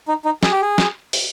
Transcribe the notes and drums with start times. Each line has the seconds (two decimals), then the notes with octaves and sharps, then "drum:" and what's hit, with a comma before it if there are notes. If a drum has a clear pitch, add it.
0.08 D#4
0.25 D#4
0.43 G#4, drum: snare
0.52 G4
0.62 G#4
0.78 drum: snare
1.13 drum: open hi-hat